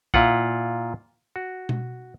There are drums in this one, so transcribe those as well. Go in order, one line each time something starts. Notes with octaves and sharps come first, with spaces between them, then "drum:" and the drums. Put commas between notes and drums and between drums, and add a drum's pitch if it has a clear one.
A#2 E4 F4 F#5, drum: kick
F#4
drum: tom B2